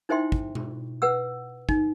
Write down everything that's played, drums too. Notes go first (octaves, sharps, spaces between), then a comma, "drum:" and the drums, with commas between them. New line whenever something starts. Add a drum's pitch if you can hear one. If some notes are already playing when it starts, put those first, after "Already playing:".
D#4 E4 C5 E5 G5 C6
drum: kick
drum: tom B2
B4 F#5 E6
D#4, drum: kick